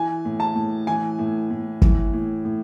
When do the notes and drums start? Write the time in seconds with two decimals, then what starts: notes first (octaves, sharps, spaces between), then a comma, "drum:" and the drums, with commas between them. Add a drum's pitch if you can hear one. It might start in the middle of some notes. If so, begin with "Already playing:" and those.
Already playing: E3 G#5
0.25 A2
0.40 A5
0.55 A2
0.87 E3 G#5
1.19 A2
1.51 A2
1.82 E3, drum: kick
2.13 A2
2.45 A2